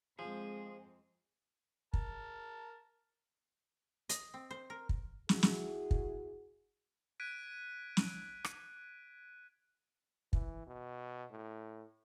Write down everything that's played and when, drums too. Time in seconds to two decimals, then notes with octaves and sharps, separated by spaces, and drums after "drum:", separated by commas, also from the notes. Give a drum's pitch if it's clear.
0.19 F2 F3 G#3 C4 G#4 C5
1.94 A#4 A5, drum: kick
4.09 D#5, drum: hi-hat
4.34 C4
4.51 C5
4.70 A#4
4.89 drum: kick
5.29 E4 F#4 G#4, drum: snare
5.43 drum: snare
5.91 drum: kick
7.20 F#6 G#6 B6 D7 D#7
7.97 drum: snare
8.44 drum: rim click
10.33 E3, drum: kick
10.67 B2
11.31 A2